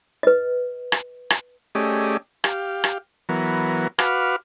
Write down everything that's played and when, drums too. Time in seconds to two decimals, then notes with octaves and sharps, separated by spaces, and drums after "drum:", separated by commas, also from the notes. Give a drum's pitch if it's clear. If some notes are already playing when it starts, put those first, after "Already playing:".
0.23 B4 D#5
0.92 drum: rim click
1.30 drum: rim click
1.75 A3 C#4 G4 G#4 D5 D#5
2.44 G4 F5, drum: rim click
2.84 drum: rim click
3.29 E3 F#3 B3 A#4
3.99 F#4 B4 F5 D6 F6, drum: rim click